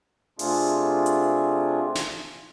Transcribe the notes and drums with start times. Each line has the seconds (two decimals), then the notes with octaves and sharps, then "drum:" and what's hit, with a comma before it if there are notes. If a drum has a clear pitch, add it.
0.39 C3 A3 C4 D4 F4 G#4, drum: open hi-hat
1.06 drum: hi-hat
1.95 drum: snare